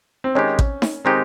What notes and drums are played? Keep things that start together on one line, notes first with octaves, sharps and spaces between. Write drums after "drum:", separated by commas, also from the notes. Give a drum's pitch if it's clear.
C4
D#3 G#3 C#4 D#4 G4
drum: kick A1
drum: snare D#4
D#3 G#3 C4 D#4 G4